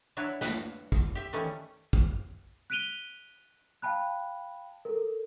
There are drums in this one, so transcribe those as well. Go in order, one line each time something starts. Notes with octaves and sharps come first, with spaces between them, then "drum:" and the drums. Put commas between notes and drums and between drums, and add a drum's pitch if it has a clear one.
F#3 D4 E4 B4 C#5
B4, drum: snare
drum: kick
G4 E5
D#3 E3 G3 A3 C#4
drum: kick
F#6 B6 D7 D#7 F7 G7
F5 G5 A5 B5 F#6
A4 A#4